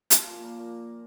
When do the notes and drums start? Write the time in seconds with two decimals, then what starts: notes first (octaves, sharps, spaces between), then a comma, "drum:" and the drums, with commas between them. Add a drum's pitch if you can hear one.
0.10 F3 F4, drum: hi-hat
0.27 A#2 A#3
0.43 A#2 A#3
0.59 A#2 A#3